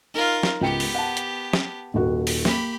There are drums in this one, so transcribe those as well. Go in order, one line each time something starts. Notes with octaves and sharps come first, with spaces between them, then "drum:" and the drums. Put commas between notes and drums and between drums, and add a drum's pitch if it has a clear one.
D#4 F4 A#4
drum: snare
C#2 B3 G4 G5 C#7
drum: open hi-hat
F#5 A5
drum: hi-hat
drum: snare
D#1 D#2 F#4
drum: open hi-hat
A#3 G4 B5, drum: snare